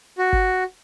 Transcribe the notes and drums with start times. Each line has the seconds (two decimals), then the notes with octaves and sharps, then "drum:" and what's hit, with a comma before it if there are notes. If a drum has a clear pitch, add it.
0.18 F#4
0.33 drum: kick G#1